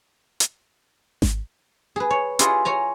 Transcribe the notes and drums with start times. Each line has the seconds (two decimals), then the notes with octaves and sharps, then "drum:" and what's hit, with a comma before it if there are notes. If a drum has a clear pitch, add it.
0.40 drum: hi-hat
1.22 drum: snare G#1
1.96 G#4 B4
2.10 C#5
2.39 E4 F4 G4 G#4 D#5 F#5, drum: hi-hat
2.65 C#5 G#5 A#5